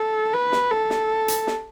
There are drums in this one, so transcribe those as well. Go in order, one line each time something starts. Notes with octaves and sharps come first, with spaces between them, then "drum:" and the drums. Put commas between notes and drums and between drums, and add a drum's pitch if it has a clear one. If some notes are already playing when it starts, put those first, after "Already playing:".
Already playing: A4
B4
drum: snare
A4
drum: snare
drum: hi-hat
drum: snare